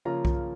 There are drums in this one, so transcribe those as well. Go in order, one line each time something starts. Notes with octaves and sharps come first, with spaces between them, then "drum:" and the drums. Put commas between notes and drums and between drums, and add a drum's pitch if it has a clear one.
C#3 F3 A#3 C#4 F4 A#5
drum: kick B1